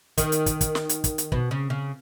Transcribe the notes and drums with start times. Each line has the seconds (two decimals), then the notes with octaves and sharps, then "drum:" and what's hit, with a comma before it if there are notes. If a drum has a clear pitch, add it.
0.18 D#3, drum: kick, hi-hat
0.32 drum: hi-hat
0.46 drum: kick, hi-hat
0.61 drum: kick, hi-hat
0.75 drum: snare
0.89 drum: hi-hat
1.04 drum: kick, hi-hat
1.18 drum: hi-hat
1.32 B2, drum: kick
1.51 C#3
1.70 C#3